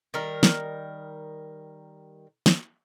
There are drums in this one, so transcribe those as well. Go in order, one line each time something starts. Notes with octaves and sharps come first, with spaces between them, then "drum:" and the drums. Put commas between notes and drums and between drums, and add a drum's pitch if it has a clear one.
D#3 G3 A#4
drum: snare
drum: snare